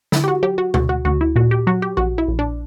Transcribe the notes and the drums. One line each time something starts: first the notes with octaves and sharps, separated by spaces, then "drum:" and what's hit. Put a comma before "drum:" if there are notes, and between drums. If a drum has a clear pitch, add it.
D3 E4, drum: snare
G4
F#4
F#3 G4
F#4
D2 F#4, drum: tom B2
F#4
D2 F#4
E4
A#2 F#4
G4
F#3 F#4
G4
A#1 F#4
E4
A#1
D4